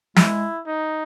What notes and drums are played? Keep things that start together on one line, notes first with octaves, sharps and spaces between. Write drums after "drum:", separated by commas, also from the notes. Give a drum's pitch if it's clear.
G#3 E4, drum: snare
D#4